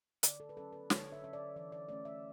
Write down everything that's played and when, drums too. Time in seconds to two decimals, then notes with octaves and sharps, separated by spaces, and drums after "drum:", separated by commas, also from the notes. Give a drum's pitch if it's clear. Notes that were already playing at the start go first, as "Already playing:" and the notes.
0.23 D3 D5, drum: hi-hat
0.40 A4
0.49 B4
0.57 F#3 C#4 A4
0.73 B4
0.90 D3 C#5, drum: snare
1.12 E5
1.23 F#3 C#4 E5
1.33 D5
1.56 E3 E5
1.72 D5
1.89 A3 C#4 D5
2.05 E5